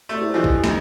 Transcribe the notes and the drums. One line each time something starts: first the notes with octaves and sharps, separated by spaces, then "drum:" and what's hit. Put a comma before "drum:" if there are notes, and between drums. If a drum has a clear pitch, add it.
A3 D5 A6
E4 G4 C5
E3 F3 A4 D#5 G#5
drum: kick A#1
F2 D#3, drum: snare